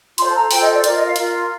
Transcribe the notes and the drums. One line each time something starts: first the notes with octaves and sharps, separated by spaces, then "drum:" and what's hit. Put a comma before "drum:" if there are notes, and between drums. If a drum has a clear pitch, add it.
F4 A4 C5 C6, drum: hi-hat
A5
A#5
F4 A4 C5 G5, drum: open hi-hat
D#5
D5
F4 A#4 D5, drum: hi-hat
D#5
F5
F4 A#4, drum: hi-hat